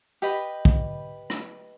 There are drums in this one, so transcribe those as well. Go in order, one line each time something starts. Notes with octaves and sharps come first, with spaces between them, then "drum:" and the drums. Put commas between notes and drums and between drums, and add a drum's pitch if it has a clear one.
G4 B4 D#5 B5
drum: kick
drum: rim click